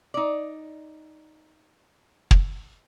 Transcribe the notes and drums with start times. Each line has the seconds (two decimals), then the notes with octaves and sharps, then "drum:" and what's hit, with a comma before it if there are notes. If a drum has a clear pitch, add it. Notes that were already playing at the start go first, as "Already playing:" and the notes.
0.14 D#4 D5
2.31 drum: kick